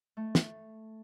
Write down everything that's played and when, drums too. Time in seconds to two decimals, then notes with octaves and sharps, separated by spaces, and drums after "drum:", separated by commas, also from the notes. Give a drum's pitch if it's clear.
0.17 A3
0.35 drum: snare